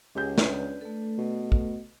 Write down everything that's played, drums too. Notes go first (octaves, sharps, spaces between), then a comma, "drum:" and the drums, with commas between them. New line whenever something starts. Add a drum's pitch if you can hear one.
C#2 G4 G#4 G6
D4 B4, drum: snare
A3 A4
B2
drum: kick